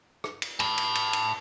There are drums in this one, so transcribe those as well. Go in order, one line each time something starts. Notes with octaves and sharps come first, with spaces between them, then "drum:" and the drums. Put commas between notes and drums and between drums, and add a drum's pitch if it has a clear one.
drum: rim click
drum: cymbal
A5 B5, drum: cymbal
drum: cymbal
drum: cymbal
drum: cymbal